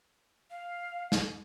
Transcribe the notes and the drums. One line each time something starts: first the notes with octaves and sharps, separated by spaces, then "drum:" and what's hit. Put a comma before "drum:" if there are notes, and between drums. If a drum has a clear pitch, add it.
F5
drum: snare